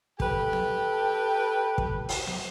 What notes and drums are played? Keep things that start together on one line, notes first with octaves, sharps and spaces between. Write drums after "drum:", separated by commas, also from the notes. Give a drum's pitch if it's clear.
G4 A4 B4 G5, drum: kick
drum: snare B3
drum: kick
drum: open hi-hat
drum: snare B3